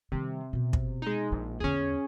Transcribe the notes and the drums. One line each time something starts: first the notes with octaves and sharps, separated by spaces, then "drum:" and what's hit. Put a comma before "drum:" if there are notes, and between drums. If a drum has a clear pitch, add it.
C3 D#3 G3
B2 B3
drum: kick
G#3 D#4
A#1 E4
E2 D3 C#4 G#4